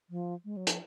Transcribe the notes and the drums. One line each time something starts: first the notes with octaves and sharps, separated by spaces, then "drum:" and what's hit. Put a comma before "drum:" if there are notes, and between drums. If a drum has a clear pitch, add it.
F3
G#3
F#3
F3, drum: hi-hat